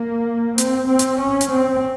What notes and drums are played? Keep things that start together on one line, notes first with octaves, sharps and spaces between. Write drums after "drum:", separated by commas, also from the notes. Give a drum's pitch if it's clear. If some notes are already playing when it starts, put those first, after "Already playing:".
Already playing: A#3
C4, drum: hi-hat
C4
drum: hi-hat
C#4
drum: hi-hat
C4